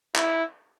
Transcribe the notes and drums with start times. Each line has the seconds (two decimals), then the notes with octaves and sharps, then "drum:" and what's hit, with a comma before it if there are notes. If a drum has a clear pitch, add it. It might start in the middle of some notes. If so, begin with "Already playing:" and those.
0.16 E4, drum: clap